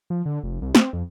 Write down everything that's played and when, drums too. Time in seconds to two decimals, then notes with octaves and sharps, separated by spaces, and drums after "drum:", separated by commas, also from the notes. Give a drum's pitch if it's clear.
0.10 F3
0.26 D3
0.43 F1
0.62 C2
0.75 C4, drum: snare
0.93 F2